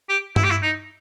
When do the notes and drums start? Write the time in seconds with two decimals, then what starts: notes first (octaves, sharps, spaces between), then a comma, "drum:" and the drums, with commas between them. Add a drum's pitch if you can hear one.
0.09 G4
0.36 E4, drum: tom G2
0.44 G4
0.51 E4
0.63 D#4